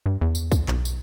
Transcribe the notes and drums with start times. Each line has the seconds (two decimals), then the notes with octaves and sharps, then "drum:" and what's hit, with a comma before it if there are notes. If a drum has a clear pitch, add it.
0.06 G2
0.21 E2
0.35 drum: tambourine
0.52 drum: kick, tambourine
0.68 B1, drum: clap
0.85 drum: tambourine